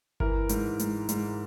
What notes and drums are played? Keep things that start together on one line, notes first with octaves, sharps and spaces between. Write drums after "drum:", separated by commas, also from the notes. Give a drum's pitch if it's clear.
E3 A#4, drum: kick G1
G#2, drum: hi-hat
G#2, drum: hi-hat
G#2, drum: hi-hat